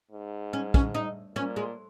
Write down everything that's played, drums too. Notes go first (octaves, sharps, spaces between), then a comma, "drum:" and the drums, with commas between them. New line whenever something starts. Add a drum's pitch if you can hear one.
G#2
C#4
C#4, drum: kick
D#4
A#2 C#4
G#3